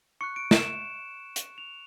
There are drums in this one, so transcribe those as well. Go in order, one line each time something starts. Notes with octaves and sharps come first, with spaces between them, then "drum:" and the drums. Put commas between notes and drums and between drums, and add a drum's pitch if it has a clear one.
C#6 F#6 C#7
D7
E7, drum: snare
drum: hi-hat
F7